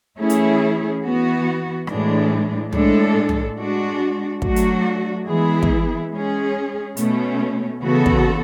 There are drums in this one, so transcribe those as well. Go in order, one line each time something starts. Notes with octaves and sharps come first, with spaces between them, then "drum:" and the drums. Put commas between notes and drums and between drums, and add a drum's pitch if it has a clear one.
E3 A3 C#4 E4 G#4
drum: hi-hat
E3 B3 F#4
A2 E3 G#3 D4, drum: rim click
A2 G#3 D4 A4, drum: tom
drum: tom
G#3 D4 F#4
F#3 A3 D4 F#4, drum: kick
drum: hi-hat
E3 G#3 B3 E4 G#4
drum: kick
G#3 C#4 G#4
B2 A3 C#4, drum: hi-hat
C#3 E3 B3 F#4 A4
drum: kick